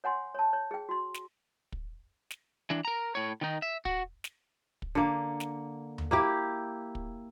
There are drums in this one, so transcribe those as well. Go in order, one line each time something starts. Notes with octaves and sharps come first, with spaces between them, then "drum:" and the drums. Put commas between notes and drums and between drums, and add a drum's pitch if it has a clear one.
C#5 F#5 G#5 C6
C#5 A5
C#5
G#4 G5
F#4 C6
drum: snare
drum: kick
drum: snare
E3 D4
A#4 A#5
A2 C#5
D#3 D#4
E5
F#4, drum: kick
drum: snare
drum: kick
D3 A#3
drum: snare
drum: tom D#2
A#3 E4 G4
drum: kick